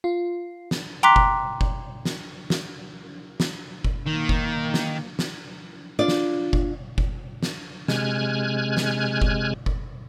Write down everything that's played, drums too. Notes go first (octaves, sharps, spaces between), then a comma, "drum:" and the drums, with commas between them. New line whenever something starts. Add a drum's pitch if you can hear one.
F4
drum: snare
G5 A#5 C6 D6 F#6 B6
drum: kick F#1
drum: kick F#1
drum: snare
drum: snare
drum: snare
drum: kick F#1
D#3 A#3
drum: kick F#1
drum: snare
drum: snare
D4 F4 D5
drum: snare
drum: kick F#1
drum: kick F#1
drum: snare
C3 G#3 G#5 F6 F#6 G#6, drum: snare
drum: snare
drum: kick F#1
drum: kick F#1